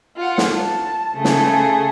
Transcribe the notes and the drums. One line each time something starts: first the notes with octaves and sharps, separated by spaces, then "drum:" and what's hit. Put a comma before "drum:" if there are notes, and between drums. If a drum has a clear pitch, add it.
F4 F#5
drum: snare
A5
C#3 A3 G#4
drum: snare